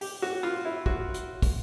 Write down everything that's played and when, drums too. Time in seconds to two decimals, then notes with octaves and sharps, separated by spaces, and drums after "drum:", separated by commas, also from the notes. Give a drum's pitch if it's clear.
0.01 G4, drum: open hi-hat
0.22 F#4
0.43 F4
0.65 E4
0.86 F#4, drum: kick
1.14 drum: hi-hat
1.42 drum: kick, open hi-hat